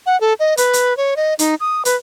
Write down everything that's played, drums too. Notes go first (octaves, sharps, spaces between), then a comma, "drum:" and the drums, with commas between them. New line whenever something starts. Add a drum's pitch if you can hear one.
F#5
A4
D#5
B4, drum: hi-hat
drum: hi-hat
C#5
D#5
D#4, drum: hi-hat
D#6
B4, drum: hi-hat